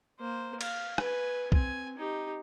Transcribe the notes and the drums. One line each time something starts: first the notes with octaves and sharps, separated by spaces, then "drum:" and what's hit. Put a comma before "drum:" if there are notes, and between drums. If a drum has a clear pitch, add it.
A#3 C5
F5, drum: cymbal
B4 G#5, drum: rim click
C4 G#5, drum: kick B1
D#4 G4